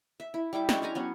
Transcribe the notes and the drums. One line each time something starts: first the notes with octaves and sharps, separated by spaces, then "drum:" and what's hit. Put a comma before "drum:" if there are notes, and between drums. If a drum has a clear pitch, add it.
E5
E4
G3 E4 G5 D6
F#3 G#3 C#4 D4, drum: snare
G4 D5 G#5 A#5
F#3 B3 C#4